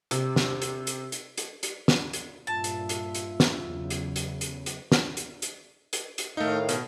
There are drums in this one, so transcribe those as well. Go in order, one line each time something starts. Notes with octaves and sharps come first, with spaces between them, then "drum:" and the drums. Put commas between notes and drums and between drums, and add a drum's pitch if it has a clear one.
C3, drum: hi-hat
drum: snare
drum: hi-hat
drum: hi-hat
drum: hi-hat
drum: hi-hat
drum: hi-hat
drum: snare
drum: hi-hat
G2 A#2 F4 E5 A5
drum: hi-hat
drum: hi-hat
drum: hi-hat
drum: snare
E2 C#3 F#3
drum: hi-hat
drum: hi-hat
drum: hi-hat
drum: hi-hat
drum: snare
drum: hi-hat
drum: hi-hat
drum: hi-hat
drum: hi-hat
A2 D#3 A3 D#4 F5
B2, drum: hi-hat